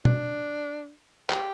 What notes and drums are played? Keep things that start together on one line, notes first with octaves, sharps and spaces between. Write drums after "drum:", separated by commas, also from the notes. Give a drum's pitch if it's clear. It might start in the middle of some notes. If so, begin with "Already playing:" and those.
D4, drum: tom
G4, drum: clap